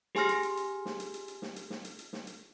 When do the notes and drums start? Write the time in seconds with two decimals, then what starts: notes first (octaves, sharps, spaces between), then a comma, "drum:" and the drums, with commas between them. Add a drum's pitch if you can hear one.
0.15 G4 G#4 G#5 C6 F6 A#6, drum: snare
0.29 drum: hi-hat
0.43 drum: hi-hat
0.57 drum: hi-hat
0.85 drum: snare
1.00 drum: hi-hat
1.14 drum: hi-hat
1.28 drum: hi-hat
1.42 drum: snare
1.56 drum: hi-hat
1.70 drum: snare
1.84 drum: hi-hat
1.99 drum: hi-hat
2.13 drum: snare
2.27 drum: hi-hat